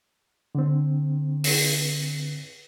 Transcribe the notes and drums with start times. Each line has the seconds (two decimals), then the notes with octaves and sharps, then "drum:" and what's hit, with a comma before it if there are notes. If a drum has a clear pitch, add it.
0.55 D3 C4
1.44 drum: open hi-hat